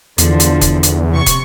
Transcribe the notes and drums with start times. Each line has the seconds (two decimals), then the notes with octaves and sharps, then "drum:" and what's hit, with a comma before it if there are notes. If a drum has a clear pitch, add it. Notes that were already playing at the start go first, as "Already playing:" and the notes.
0.18 E2 D3 F3, drum: hi-hat
0.40 drum: hi-hat
0.61 drum: kick, hi-hat
0.83 drum: hi-hat
1.12 C3 C#6
1.26 drum: kick, hi-hat